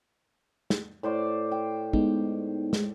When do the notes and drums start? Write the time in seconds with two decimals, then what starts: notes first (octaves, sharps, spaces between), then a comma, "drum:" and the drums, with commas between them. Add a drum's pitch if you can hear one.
0.70 drum: snare
1.03 A2 C5 D5
1.52 G5
1.93 G#3 B3 D#4, drum: kick
2.73 G#3, drum: snare